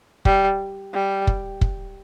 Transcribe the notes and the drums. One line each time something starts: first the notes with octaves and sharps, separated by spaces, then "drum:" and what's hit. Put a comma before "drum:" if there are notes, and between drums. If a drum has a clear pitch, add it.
G3, drum: kick
G3
drum: kick
drum: kick